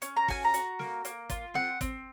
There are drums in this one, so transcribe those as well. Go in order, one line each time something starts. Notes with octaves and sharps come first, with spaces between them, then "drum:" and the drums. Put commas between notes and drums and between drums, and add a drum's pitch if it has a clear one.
C#4, drum: hi-hat
A#5
F#4 G#5, drum: kick, open hi-hat
A#5
F#4, drum: hi-hat
A#3, drum: snare
A#3, drum: hi-hat
F4, drum: kick, hi-hat
C4 F#5, drum: snare
C4, drum: kick, hi-hat